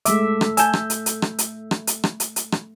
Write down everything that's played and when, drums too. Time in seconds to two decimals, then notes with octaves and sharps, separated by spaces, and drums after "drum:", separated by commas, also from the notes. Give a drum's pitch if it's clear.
0.05 G#3 A3 E5 D6, drum: hi-hat
0.41 drum: rim click
0.57 G#5 A5 E6 G6, drum: hi-hat
0.73 drum: rim click
0.90 drum: hi-hat
1.06 drum: hi-hat
1.22 drum: rim click
1.39 drum: hi-hat
1.71 drum: rim click
1.87 drum: hi-hat
2.04 drum: rim click
2.20 drum: hi-hat
2.36 drum: hi-hat
2.52 drum: rim click